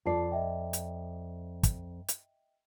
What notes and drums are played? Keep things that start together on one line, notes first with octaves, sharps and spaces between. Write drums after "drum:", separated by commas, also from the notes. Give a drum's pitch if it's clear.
F2 F4 D5 A5 C7
D#5 E5 G5
drum: hi-hat
drum: kick, hi-hat
drum: hi-hat